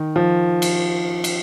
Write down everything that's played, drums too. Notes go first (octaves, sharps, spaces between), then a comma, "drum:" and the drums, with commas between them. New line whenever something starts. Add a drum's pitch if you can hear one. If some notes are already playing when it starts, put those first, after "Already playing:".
Already playing: D#3
F3
drum: cymbal
drum: cymbal